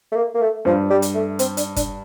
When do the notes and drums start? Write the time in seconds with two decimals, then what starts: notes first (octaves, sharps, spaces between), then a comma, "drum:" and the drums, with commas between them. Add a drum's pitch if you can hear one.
0.12 A3
0.15 A#3
0.34 A#3
0.41 A3
0.65 G2 F3
0.90 G3
1.02 drum: hi-hat
1.14 A3
1.39 C4, drum: hi-hat
1.57 D4, drum: hi-hat
1.76 D4, drum: kick F#1, hi-hat